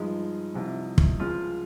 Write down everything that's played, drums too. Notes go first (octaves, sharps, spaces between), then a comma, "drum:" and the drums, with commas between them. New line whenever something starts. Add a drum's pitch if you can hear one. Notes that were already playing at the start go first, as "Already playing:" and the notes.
Already playing: G2 F3 G#3 D#4
C2 C3 F3
drum: kick
C#2 C#3 F3 G#3 F4